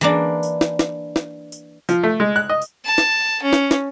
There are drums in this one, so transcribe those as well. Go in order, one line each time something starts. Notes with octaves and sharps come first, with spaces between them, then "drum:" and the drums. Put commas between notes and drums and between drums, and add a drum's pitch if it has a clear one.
E3 A#3 D4
drum: tambourine
drum: snare
drum: snare
drum: snare
drum: tambourine
F3, drum: tambourine
A3
G#3
F#6
D#5
drum: tambourine
A5
drum: snare
C#4
drum: snare
drum: snare